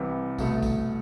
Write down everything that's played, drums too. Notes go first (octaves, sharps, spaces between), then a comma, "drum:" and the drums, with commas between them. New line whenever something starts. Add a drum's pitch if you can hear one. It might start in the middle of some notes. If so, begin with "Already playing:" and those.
Already playing: C2 C3 E3
C2 B2 A3, drum: kick, tambourine
drum: kick, tambourine